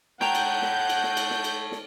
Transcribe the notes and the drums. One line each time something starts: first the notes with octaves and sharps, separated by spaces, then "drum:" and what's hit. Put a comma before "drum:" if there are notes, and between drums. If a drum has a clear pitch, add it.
A4 C#5 F#5 G5 A#5 G6, drum: snare
drum: cymbal
drum: snare
drum: cymbal
drum: snare
drum: cymbal
drum: snare
drum: cymbal
drum: snare